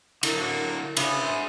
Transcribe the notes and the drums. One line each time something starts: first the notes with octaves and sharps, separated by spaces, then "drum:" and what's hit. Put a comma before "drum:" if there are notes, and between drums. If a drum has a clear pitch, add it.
D3 F#3 E4 A#4 D#5, drum: cymbal
A#3 F#4
C#3 B3 D4 E4 F#4, drum: cymbal
G#4 C5 E5